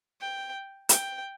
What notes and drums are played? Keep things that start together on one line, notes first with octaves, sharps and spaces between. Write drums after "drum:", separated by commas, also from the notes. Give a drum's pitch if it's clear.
G5
G5, drum: hi-hat